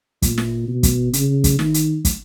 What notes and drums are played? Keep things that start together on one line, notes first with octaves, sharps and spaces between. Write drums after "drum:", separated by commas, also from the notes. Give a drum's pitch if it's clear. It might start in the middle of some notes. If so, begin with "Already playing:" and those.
A#2, drum: kick, hi-hat
drum: snare
B2
drum: kick, hi-hat
C#3, drum: hi-hat
drum: kick, hi-hat
D#3, drum: snare
drum: hi-hat
drum: kick, hi-hat